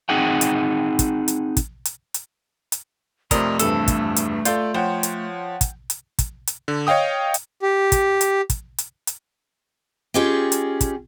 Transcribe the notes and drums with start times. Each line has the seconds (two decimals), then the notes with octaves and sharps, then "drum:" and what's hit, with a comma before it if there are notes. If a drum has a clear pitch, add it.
0.09 C4 D#4 G#4 F#5 G5
0.41 drum: hi-hat
0.99 drum: kick, hi-hat
1.28 drum: hi-hat
1.57 drum: kick, hi-hat
1.85 drum: hi-hat
2.14 drum: hi-hat
2.72 drum: hi-hat
3.31 F2 C3 A3 A#4 D5 D#5 C6, drum: kick, hi-hat
3.59 E2 G2 A4, drum: hi-hat
3.88 drum: kick, hi-hat
4.16 drum: hi-hat
4.45 F4 A4 D5 G6, drum: hi-hat
4.74 F3 C5 C#5 F#5 G5
5.03 drum: hi-hat
5.61 drum: kick, hi-hat
5.90 drum: hi-hat
6.19 drum: kick, hi-hat
6.47 drum: hi-hat
6.68 D3
6.87 C#5 D#5 F5 G5 D#6
7.34 drum: hi-hat
7.62 G4
7.92 drum: kick, hi-hat
8.21 drum: hi-hat
8.50 drum: kick, hi-hat
8.78 drum: hi-hat
9.07 drum: hi-hat
10.14 C#4 F4 G4 G#4 D#5 G5
10.52 drum: hi-hat
10.81 drum: kick, hi-hat